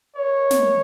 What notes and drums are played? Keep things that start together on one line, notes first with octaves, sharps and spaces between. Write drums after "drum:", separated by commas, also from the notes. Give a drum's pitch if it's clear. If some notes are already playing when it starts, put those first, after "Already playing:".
C#5
drum: snare